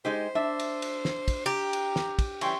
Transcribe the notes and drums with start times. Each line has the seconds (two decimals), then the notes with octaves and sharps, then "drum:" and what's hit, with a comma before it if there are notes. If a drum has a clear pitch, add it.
0.05 G#3 D#4 G4 C5
0.35 D4 E5
0.60 drum: cymbal
0.82 drum: cymbal
1.05 drum: snare
1.28 drum: kick, cymbal
1.46 G4 A#5
1.73 drum: cymbal
1.96 drum: snare
2.19 drum: kick, cymbal
2.41 E3 G3 C#4 G5 C6 C#6, drum: cymbal